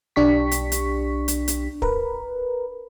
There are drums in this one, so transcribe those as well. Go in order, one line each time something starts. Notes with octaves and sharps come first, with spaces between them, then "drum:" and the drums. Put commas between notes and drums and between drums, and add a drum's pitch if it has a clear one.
B1 D4 G4 C#6 B6
drum: hi-hat
drum: hi-hat
drum: hi-hat
drum: hi-hat
A#4 B4, drum: kick